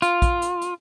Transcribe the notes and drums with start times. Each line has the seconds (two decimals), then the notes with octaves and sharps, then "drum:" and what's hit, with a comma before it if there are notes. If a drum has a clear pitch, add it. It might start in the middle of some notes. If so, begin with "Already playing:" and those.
0.02 F4, drum: hi-hat
0.22 drum: kick A#1, hi-hat
0.42 drum: hi-hat
0.62 drum: hi-hat